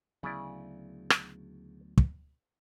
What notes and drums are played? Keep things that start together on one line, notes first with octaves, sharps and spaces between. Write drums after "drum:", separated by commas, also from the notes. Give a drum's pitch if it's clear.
D2 C#3 F#3 B3 E4 D5
drum: rim click
drum: kick